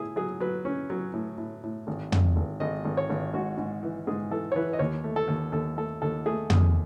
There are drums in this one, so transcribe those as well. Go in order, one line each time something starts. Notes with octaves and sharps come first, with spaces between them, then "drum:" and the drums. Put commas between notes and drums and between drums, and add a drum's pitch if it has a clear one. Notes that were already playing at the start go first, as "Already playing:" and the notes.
Already playing: A2 E4 G#4
F#3 G#4
F#3 B4
C#4
F#3
A2
A2
A2
G#1
G#1, drum: tom
G#1
G#1 D#5
G#1
C#5
G#1
G#2 F#4
G#2
E3
G#2 G#4
E3 A4
C#5
E3 B4
D#5
D#2 C#5
A3
A4
D#2
D#2 A4
A3 A4
D#2 A4
A3 G#4
D#2 G#4, drum: tom